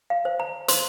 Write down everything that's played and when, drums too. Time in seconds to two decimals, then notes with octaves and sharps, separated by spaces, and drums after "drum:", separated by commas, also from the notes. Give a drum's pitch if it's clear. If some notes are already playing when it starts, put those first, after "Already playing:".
0.10 F5
0.25 C5
0.40 A#5
0.68 C5 C6, drum: hi-hat